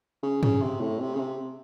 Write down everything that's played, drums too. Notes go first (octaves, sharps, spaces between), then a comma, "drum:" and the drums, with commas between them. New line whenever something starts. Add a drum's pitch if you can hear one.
C#3
C#3, drum: tom G2
C3
A2
C3
C#3
C3